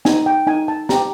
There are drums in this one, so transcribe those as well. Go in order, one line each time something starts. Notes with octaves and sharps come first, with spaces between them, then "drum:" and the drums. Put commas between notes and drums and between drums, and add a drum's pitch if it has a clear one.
D#4 G#5, drum: snare
G5
D#4 G#5
A5
G4 A#5, drum: snare